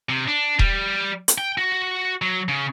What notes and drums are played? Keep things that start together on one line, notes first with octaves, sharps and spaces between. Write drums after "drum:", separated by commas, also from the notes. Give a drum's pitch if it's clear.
C3
D4
G3, drum: kick D#1
drum: hi-hat
G5
F#4
F#3
C#3